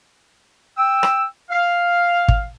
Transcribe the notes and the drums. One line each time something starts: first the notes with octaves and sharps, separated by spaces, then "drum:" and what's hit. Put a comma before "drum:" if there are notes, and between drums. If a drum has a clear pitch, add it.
G5 E6
drum: rim click
F5
drum: kick